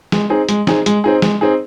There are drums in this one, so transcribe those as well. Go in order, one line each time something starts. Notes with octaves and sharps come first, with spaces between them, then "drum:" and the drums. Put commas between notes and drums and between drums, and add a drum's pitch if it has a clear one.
G#3, drum: snare
C4 D#4 G#4
G#3, drum: hi-hat
C4 D#4 G#4, drum: snare
G#3, drum: hi-hat
C4 D#4 G#4
G#3, drum: snare
C4 D#4 G#4